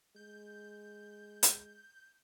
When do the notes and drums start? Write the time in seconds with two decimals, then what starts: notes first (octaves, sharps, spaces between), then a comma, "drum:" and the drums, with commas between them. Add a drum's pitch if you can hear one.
0.16 G#3 G6
1.43 drum: hi-hat